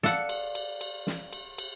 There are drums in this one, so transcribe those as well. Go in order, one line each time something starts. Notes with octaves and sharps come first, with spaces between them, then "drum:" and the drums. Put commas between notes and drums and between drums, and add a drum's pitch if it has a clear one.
A4 D5 F5 F#5, drum: snare
drum: cymbal
drum: cymbal
drum: cymbal
drum: snare
drum: cymbal
drum: cymbal